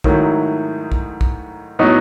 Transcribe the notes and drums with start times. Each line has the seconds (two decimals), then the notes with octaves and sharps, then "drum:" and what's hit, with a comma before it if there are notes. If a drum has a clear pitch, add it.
0.04 G#2 D#3 F#3 A3 E4, drum: kick
0.92 drum: kick
1.21 drum: kick
1.79 A2 F#3 B3 D#4